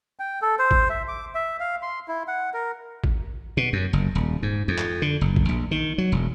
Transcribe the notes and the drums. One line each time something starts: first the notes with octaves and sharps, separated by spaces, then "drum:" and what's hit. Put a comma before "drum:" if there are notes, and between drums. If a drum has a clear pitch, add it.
G5
A4
C5
drum: kick
E5
D6
E5
F5
C6
E4
F#5
A#4
drum: kick
B2
F#2
F#1
D#1
G#2
F2
drum: clap
D3
F#1
drum: kick
A#1
D#3
F#3
E1